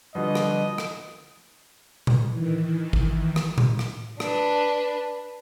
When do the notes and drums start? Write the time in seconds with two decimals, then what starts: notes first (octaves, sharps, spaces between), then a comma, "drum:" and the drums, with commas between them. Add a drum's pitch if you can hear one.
0.15 B2 D3 F3 G3 D#5
0.35 drum: rim click
0.78 drum: rim click
2.07 drum: tom A2
2.29 D#3 E3
2.93 drum: kick
3.36 drum: rim click
3.58 drum: tom A2
3.79 drum: rim click
4.20 D4 B4, drum: rim click